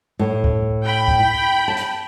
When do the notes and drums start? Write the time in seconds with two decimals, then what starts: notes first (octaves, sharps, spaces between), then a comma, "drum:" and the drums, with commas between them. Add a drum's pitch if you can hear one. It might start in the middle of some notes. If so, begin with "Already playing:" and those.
0.19 A2
0.44 drum: kick
0.83 G5 B5
1.08 drum: kick
1.68 A5
1.77 drum: hi-hat